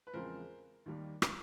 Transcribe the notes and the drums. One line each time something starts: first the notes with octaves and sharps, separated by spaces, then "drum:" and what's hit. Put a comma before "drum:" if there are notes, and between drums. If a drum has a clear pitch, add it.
B4
E2 C#3 F3 G#3 C4 A#4 C5
D#2 D#3 G3 A#3
drum: rim click